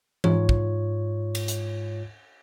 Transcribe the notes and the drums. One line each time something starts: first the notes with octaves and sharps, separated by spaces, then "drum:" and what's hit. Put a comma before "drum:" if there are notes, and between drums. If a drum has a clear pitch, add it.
G#2 F4 C#5, drum: tom E3
drum: kick
drum: cymbal
drum: hi-hat